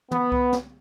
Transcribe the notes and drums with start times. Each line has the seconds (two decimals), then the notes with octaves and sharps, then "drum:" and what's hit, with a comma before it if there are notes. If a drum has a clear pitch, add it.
0.11 B3, drum: tom
0.32 drum: kick C2
0.53 drum: snare